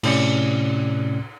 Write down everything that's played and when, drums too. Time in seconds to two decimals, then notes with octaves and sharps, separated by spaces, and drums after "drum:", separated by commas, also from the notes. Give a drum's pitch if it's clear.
0.03 A2 C3 C#4 D5 C#7, drum: cymbal